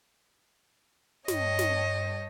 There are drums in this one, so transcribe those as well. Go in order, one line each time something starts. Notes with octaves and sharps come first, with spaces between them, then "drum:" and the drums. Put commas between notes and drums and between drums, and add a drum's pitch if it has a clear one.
G2 C#5 D#5 G5 A5, drum: snare
drum: snare